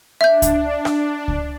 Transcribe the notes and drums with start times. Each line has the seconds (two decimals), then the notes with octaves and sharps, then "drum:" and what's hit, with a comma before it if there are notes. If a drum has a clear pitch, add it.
0.21 D4 E5 G6
0.42 drum: kick C#2, hi-hat
0.85 drum: rim click
1.28 drum: kick C#2